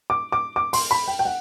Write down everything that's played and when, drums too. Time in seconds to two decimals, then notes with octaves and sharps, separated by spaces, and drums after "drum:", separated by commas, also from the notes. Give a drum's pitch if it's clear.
0.10 D6
0.32 D6
0.56 D6
0.73 C6, drum: open hi-hat
0.91 B5
1.08 G5
1.19 G5
1.25 F#5